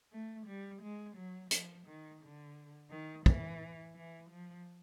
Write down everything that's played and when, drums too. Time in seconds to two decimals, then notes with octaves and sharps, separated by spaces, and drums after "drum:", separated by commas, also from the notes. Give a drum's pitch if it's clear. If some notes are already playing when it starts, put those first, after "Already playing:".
0.12 A3
0.47 G3
0.82 G#3
1.17 F#3
1.51 F3, drum: hi-hat
1.87 D#3
2.21 D3
2.90 D#3
3.26 E3, drum: kick
3.95 E3
4.30 F3